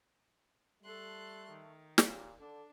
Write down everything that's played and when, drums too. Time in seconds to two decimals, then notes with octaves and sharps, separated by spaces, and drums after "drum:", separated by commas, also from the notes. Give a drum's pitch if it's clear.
0.82 G3 A3 A4 C6 F#6
1.50 D#3
1.98 A#2 G4, drum: snare
2.40 D3 D4 A4